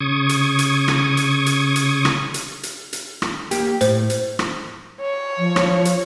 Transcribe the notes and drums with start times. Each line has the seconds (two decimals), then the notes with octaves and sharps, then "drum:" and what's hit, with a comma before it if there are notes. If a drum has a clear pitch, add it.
0.01 C#3 C#6 D#6 G#6
0.29 drum: hi-hat
0.59 drum: hi-hat
0.88 drum: rim click
1.17 drum: hi-hat
1.46 drum: hi-hat
1.76 drum: hi-hat
2.05 drum: rim click
2.34 drum: hi-hat
2.63 drum: hi-hat
2.93 drum: hi-hat
3.22 drum: rim click
3.51 A#3 G4, drum: hi-hat
3.81 A2 C5, drum: hi-hat
4.10 drum: hi-hat
4.39 drum: rim click
5.01 C#5
5.38 F3
5.56 drum: rim click
5.85 drum: hi-hat